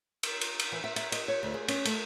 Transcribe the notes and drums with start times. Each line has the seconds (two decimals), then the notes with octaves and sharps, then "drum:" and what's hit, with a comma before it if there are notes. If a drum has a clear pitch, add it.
0.23 drum: cymbal
0.41 drum: cymbal
0.59 drum: cymbal
0.72 E3
0.84 E5
0.96 E5, drum: cymbal
1.12 D#5, drum: cymbal
1.28 C#5
1.43 D2
1.54 G#4
1.68 C#4, drum: cymbal
1.85 A3, drum: cymbal